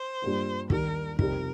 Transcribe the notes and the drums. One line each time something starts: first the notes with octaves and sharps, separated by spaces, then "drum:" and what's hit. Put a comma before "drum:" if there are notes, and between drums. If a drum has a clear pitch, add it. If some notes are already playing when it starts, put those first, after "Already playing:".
Already playing: C5
G2 G3 A#3 F4
D#2 D#3 G3 A#4, drum: kick
F2 C3 G3 D#4 A#4, drum: kick